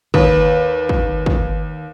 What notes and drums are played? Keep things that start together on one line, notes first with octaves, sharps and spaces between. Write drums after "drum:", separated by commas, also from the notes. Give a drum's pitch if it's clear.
D#2 B4, drum: kick
drum: kick
drum: kick